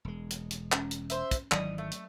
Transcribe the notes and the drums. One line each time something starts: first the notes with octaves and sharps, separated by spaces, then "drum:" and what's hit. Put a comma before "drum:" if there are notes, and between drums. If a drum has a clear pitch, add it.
E1 G#3
drum: hi-hat
drum: hi-hat
C#4, drum: clap
drum: hi-hat
C5 E5, drum: hi-hat
drum: kick, hi-hat
G#1 D#3 E3 F#3 D5 D#6, drum: clap
A3
drum: hi-hat